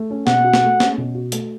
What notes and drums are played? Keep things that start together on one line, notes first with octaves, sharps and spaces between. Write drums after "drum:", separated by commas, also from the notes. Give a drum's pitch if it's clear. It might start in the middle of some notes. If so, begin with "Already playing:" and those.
Already playing: A3
C#4
B2 F#5, drum: snare
F#4
drum: snare
A3
C#4, drum: snare
B2
F#4
A3, drum: hi-hat